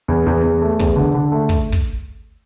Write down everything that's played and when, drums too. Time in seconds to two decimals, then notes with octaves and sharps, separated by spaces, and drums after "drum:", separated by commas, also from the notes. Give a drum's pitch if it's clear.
0.08 E2
0.26 E2
0.43 E2
0.62 A3
0.79 E2, drum: kick
0.96 D3
1.14 D3
1.32 A3
1.49 drum: kick
1.72 drum: kick